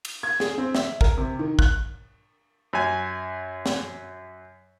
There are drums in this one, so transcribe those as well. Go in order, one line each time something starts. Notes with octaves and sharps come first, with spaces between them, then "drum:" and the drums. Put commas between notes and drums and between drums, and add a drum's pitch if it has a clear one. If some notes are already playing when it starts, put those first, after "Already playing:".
drum: cymbal
G#6
G#4, drum: snare
C4
E5, drum: snare
A#4, drum: kick
C3
D#3
F#6, drum: kick
F#2 G#5
drum: snare